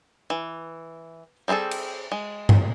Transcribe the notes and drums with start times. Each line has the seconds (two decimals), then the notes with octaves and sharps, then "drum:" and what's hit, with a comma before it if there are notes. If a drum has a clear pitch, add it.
0.30 E3
1.48 G3 C4 E4 G#4 A4
1.71 drum: cymbal
2.12 G#3
2.49 drum: tom G2